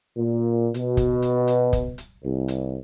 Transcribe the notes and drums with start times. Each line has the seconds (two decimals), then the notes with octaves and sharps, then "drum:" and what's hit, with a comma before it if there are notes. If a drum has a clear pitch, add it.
0.17 A#2
0.74 B2, drum: hi-hat
0.97 drum: kick, hi-hat
1.22 drum: hi-hat
1.48 drum: hi-hat
1.73 drum: kick, hi-hat
1.98 drum: hi-hat
2.23 C2
2.48 drum: hi-hat